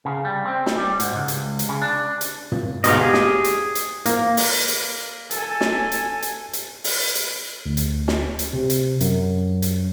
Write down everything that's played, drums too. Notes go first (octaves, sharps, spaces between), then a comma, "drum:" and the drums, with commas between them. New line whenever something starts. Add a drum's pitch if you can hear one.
C#3
G3
C4
drum: snare
G3
G#2, drum: hi-hat
C#2
drum: hi-hat
drum: hi-hat
C#3
D4
drum: hi-hat
drum: tom
D2 G#2 B2 D#5 F5, drum: hi-hat
G4 G#4
drum: snare
drum: hi-hat
drum: hi-hat
A#3, drum: hi-hat
drum: open hi-hat
drum: hi-hat
A4 G#5, drum: hi-hat
drum: snare
drum: hi-hat
drum: hi-hat
drum: hi-hat
drum: open hi-hat
drum: hi-hat
D2
drum: hi-hat
drum: snare
drum: hi-hat
C3
drum: hi-hat
F#2, drum: hi-hat
drum: hi-hat